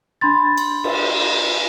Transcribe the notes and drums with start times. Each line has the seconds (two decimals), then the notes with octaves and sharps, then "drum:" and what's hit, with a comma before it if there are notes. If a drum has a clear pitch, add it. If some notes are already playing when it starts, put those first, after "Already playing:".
0.21 D4 B5 C6 A6
0.57 drum: cymbal
0.84 drum: cymbal